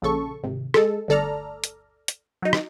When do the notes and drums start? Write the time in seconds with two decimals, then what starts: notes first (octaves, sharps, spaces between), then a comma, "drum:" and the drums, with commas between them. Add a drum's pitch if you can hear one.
0.02 A#1 C#3 A4 C#6
0.43 G#1 C3
0.74 G#3 A4, drum: rim click
1.08 G1 D2 A4 D5 A#5 F6
1.64 drum: hi-hat
2.08 drum: hi-hat
2.42 F#3 D#4
2.53 drum: rim click